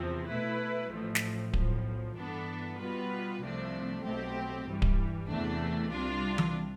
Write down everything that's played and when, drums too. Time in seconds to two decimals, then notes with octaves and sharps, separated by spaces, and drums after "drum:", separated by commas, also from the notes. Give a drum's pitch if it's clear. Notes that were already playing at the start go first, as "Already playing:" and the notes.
Already playing: E2 C3 F3 C4
0.28 B2 A3 E4 B4
0.91 A1 A2 F3 A3
1.15 drum: snare
1.53 B1 A2 F3, drum: kick D1
2.16 G2 E3 B3 D4 A4
2.79 B2 G3 B3 F4 B4
3.41 C2 C3 F3 A3 D4
4.04 B1 B2 A3 C4 G4
4.66 G2 E3 G3
4.82 drum: kick D1
5.28 E2 C3 E3 A3 D4
5.90 C2 C3 G3 D4 F4
6.38 drum: tom E3